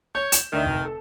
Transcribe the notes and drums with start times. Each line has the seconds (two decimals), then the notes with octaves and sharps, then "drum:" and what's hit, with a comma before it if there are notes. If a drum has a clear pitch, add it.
0.15 C#5 G6
0.32 E7, drum: hi-hat
0.53 D2 D#3 D4 E5
0.66 F1
0.85 A4